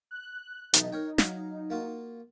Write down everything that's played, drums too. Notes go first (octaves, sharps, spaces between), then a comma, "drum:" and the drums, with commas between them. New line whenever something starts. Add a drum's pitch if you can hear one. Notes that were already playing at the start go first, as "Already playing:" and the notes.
F#6
B1 E3 D#4 A5, drum: hi-hat
A#4 C#5 G5
F#3 F5 A#5, drum: snare
A#3 F4 F#4